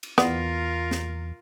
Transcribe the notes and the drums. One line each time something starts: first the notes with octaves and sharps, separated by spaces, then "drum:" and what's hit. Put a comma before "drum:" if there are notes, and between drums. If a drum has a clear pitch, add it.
drum: cymbal
E2 B3 F4 A#4 D5, drum: snare
drum: snare